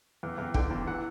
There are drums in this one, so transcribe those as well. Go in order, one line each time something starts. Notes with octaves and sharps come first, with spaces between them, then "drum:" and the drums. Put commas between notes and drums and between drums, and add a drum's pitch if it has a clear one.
E2
E2
D3 G5, drum: kick
E2
E3 F#5